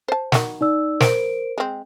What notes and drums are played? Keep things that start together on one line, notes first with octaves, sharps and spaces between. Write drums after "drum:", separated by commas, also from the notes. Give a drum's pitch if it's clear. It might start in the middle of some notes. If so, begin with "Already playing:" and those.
C5 A5
D#3 F#4, drum: snare
D#4 D5 E6
A#4 C5 D7, drum: snare
G#3 C4